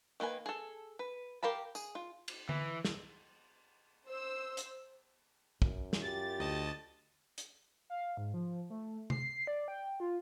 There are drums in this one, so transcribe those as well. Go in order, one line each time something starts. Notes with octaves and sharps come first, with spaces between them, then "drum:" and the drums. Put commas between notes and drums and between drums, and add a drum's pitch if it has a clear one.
D#3 A#3 B4 G#5
G#4 A4
B4
G4 A#4 F5 A5 B5
G#4, drum: tambourine
F4
drum: cymbal
E3, drum: tom D3
drum: snare
C5 E6
drum: hi-hat
F#2, drum: kick
drum: snare
F4 G4 A6
D2 D#5 A5
drum: hi-hat
F5
G#2
F3
A3
C7, drum: tom C3
D5
G5
F4